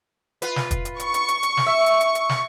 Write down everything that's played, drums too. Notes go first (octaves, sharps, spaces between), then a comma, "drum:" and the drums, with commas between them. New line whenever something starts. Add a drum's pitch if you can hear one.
F4 B4, drum: hi-hat
drum: snare
drum: kick, hi-hat
drum: hi-hat
C#6, drum: hi-hat
drum: hi-hat
drum: hi-hat
drum: hi-hat
drum: snare
E5
drum: hi-hat
drum: hi-hat
drum: hi-hat
drum: snare